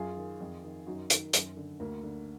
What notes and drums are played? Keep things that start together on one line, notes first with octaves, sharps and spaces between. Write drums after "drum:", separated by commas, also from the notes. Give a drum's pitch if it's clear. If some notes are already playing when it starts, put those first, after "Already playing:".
Already playing: F#2 F4 G#4
D#3
F2
D#3
F#2 D#4 F#4
D#3, drum: hi-hat
F#2, drum: hi-hat
D3
D2 A#3
D3